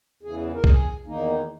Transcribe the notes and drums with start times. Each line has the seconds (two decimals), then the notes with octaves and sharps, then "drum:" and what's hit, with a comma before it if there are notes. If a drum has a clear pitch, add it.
0.22 E2 C#3 E3 G#4
0.54 A#4
0.64 G#4, drum: kick B1
1.06 E2 D#3 A#3 D#4